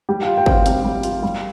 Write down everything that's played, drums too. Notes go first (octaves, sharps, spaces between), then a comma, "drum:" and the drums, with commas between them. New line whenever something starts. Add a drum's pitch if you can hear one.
G3 G4
F4 F5
G5
C4, drum: kick G#1
F5
C3 F5, drum: hi-hat
G3
F4, drum: hi-hat
G3 F5